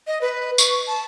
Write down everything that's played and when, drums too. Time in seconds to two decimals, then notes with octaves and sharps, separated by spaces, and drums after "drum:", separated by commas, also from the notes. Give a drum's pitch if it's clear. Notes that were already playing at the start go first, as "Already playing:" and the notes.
0.07 D#5
0.21 B4
0.58 C#6, drum: tambourine
0.87 A5